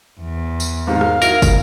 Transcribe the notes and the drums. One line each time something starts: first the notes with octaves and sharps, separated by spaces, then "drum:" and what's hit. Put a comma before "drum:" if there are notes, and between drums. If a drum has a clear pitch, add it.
E2
drum: tambourine
G#2 C3 D#3 F5
drum: rim click
D#4 E4 F#4 A#4, drum: tambourine
drum: kick, tambourine